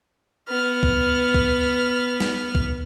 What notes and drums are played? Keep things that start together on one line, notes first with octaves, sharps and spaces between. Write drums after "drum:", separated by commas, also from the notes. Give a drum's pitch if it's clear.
B3 F6
drum: kick C2
drum: kick C2
drum: snare
drum: kick C2